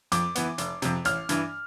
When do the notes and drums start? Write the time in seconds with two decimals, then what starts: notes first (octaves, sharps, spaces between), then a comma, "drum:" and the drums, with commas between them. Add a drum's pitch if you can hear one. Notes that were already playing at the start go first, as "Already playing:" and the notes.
0.12 F2 D6, drum: hi-hat
0.35 E3 B3, drum: hi-hat
0.58 F1, drum: hi-hat
0.82 F2 C3, drum: hi-hat
1.05 A1 F6, drum: hi-hat
1.29 G2 E3, drum: hi-hat